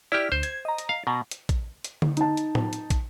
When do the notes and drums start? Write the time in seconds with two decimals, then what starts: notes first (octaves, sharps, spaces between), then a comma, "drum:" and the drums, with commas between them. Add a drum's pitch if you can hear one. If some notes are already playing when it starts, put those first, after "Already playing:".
0.12 E4 G4 D5 F6 B6
0.32 D2 C5
0.43 G#6, drum: hi-hat
0.65 D#5 A#5
0.78 drum: hi-hat
0.89 F5
1.07 B2 A#5
1.31 drum: hi-hat
1.49 drum: kick, hi-hat
1.84 drum: hi-hat
2.02 drum: tom D3
2.17 D#4 A5, drum: hi-hat
2.37 drum: hi-hat
2.55 drum: tom A2
2.73 drum: hi-hat
2.90 drum: kick, hi-hat